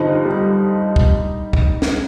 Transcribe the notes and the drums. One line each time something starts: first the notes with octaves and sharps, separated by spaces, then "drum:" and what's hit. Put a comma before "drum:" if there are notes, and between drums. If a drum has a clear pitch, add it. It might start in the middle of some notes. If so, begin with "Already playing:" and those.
Already playing: G2 D3 F3 C4 D#4
G3
drum: kick
drum: kick
drum: snare